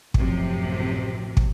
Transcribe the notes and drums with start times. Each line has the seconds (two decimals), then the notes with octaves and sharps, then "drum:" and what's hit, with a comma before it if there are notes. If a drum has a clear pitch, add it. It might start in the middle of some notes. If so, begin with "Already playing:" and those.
0.14 A1 F#2 C3 F3, drum: kick
1.37 drum: kick